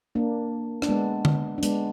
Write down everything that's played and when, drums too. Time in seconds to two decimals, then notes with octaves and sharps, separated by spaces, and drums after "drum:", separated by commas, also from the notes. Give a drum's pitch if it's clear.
0.15 A#3 D4
0.82 D4, drum: rim click
0.89 G#3 B3
1.25 drum: tom D3
1.58 D4
1.63 G#3 B3, drum: hi-hat